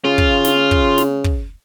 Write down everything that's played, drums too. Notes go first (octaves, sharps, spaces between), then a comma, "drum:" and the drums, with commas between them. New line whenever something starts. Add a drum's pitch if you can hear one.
C#3 F4
drum: kick
drum: snare
drum: kick
drum: snare
drum: kick